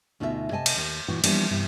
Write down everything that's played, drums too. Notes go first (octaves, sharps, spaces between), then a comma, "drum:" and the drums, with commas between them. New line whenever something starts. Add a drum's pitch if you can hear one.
D2 B2 D#4 F4 G4 E5
C3 D#5 G#5 A5
drum: cymbal
D#2
A#2 E3 F#4
E3 F3 G3 A#3 B3 D4, drum: cymbal
G2 C3 E3